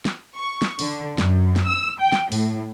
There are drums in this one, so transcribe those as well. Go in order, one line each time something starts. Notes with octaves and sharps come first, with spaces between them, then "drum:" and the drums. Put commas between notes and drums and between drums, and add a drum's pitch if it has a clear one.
drum: snare
C#6
drum: snare
D3, drum: open hi-hat
F#2, drum: snare
drum: snare
E6
G5
drum: snare
A2, drum: open hi-hat